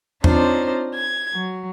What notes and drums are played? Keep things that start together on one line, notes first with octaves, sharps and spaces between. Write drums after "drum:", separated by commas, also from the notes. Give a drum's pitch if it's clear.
C4 D4 D#4 F4 C5 C#5, drum: tom E2
G#6
F#3